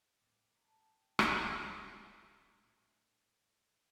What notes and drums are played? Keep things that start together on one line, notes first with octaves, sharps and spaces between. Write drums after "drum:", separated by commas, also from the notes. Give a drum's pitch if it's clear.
A2 G3 C4 D6
C6
A#5
A5
G5
drum: rim click
A#2 A3 D4
D5
E5
A2 G3 D4